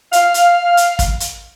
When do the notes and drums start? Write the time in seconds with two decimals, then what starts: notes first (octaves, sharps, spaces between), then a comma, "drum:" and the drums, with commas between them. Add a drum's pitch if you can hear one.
0.13 F5, drum: hi-hat
0.34 drum: hi-hat
0.77 drum: hi-hat
0.99 drum: kick, hi-hat
1.20 drum: hi-hat